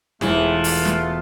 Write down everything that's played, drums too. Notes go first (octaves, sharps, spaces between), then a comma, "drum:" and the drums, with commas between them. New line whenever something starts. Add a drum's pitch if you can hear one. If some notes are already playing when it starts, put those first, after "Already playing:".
E1 E3 G#3 A3 B3 E4 F4, drum: snare
drum: open hi-hat
drum: snare